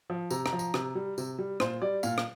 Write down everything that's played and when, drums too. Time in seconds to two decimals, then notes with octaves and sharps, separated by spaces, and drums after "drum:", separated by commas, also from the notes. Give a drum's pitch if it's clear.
0.10 F3
0.30 C3 A#5, drum: tambourine
0.46 A#5, drum: rim click
0.53 F3
0.59 A#5, drum: tambourine
0.74 C3, drum: rim click
0.95 G3
1.18 C3, drum: tambourine
1.39 G3
1.60 A#2 C5, drum: rim click
1.82 G3 D5
2.03 A#2 F5, drum: tambourine
2.18 drum: rim click